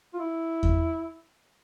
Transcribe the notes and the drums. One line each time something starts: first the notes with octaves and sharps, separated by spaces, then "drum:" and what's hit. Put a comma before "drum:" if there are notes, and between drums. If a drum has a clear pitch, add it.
F4
E4
drum: kick E2